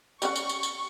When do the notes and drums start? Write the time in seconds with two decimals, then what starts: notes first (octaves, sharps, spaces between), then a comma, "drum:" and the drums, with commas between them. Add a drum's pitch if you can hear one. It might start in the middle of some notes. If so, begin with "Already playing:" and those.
0.22 G3 C#4 F#5 C#6, drum: tambourine
0.36 drum: tambourine
0.49 drum: tambourine
0.63 drum: tambourine